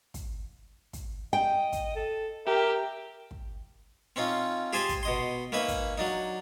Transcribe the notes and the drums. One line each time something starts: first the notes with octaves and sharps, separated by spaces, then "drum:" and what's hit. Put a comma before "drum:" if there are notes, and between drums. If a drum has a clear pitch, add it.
drum: kick, hi-hat
drum: kick, hi-hat
D#5 G5
drum: kick, hi-hat
A4
G4 A#4 E5
drum: kick
C4 C#4 D#4 F4
G4 G#4 C5 G#5 A5 C6
drum: kick, hi-hat
B2 D#5 C6
A#3 C#4 D#4 B4 E5
drum: kick, hi-hat
F#3 D4 D#4